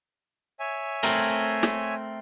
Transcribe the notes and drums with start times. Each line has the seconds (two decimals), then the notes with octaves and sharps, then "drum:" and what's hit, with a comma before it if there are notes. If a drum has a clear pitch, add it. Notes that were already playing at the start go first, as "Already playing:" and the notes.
0.60 C#5 E5 G#5
1.03 A3 C4 A#4, drum: hi-hat
1.63 drum: snare